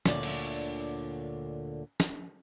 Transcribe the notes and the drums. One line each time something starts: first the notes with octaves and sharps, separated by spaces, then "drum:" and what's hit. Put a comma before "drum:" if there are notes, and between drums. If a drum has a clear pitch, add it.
D2 A#2 D3 C#5 D5, drum: snare
drum: cymbal
drum: snare